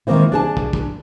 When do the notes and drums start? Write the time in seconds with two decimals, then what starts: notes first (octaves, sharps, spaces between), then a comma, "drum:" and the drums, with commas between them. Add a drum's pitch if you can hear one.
0.07 D#3 G#3 A#3 C4 E4
0.32 D4 G#4 A5
0.57 drum: kick
0.73 drum: kick